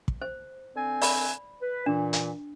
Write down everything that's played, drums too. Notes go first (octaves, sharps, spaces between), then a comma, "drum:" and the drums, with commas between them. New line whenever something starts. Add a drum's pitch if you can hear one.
drum: kick
C5
D3 C4 G#5
D5 B5, drum: open hi-hat
B4
A#2 E3 D4
drum: hi-hat